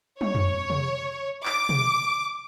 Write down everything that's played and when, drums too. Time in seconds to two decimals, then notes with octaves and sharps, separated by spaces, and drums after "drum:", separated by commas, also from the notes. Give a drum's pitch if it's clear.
0.21 C#5, drum: tom
0.35 drum: tom F2
0.70 drum: tom C3
1.46 D6, drum: clap
1.69 drum: tom B2